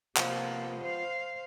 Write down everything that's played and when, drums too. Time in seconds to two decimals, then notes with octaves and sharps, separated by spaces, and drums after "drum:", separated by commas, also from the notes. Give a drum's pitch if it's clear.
0.17 C3 F3 A#3 B3, drum: clap
0.81 C5 F5